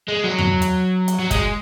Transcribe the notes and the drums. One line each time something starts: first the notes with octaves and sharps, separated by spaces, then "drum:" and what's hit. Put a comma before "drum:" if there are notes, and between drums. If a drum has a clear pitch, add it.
G#3
F#3
drum: tom E2
drum: hi-hat
drum: hi-hat
F#3
G#3, drum: kick, hi-hat